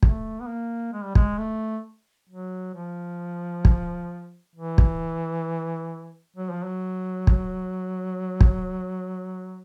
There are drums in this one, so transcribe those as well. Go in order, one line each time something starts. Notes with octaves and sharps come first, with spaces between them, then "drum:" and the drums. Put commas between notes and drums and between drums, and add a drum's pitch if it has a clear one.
A3, drum: kick
B3
A#3
G#3
G3
G#3, drum: kick
A3
F#3
F3
drum: kick
E3
drum: kick
F#3
F3
F#3
drum: kick
drum: kick